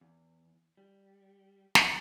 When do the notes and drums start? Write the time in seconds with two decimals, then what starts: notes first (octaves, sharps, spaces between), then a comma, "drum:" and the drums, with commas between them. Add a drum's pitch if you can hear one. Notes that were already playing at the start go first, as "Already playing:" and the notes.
0.01 E2
0.77 G3
1.75 drum: snare